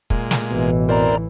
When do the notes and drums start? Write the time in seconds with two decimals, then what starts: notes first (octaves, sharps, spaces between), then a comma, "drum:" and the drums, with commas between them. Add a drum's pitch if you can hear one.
0.10 A#2 G#3, drum: kick
0.31 drum: snare
0.50 A1 B2 E3
0.89 E2 C4 A#4 D5 A#5